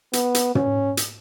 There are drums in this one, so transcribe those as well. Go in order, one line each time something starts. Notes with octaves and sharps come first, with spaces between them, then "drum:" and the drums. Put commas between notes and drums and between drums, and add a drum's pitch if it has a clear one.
B3, drum: hi-hat
drum: hi-hat
C#4, drum: tom
drum: hi-hat